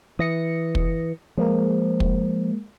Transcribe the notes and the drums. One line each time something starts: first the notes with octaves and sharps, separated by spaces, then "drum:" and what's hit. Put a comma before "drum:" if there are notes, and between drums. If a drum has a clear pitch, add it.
E3 D#6 A#6 C#7
drum: kick
F3 G#3 A#3 A#4
drum: kick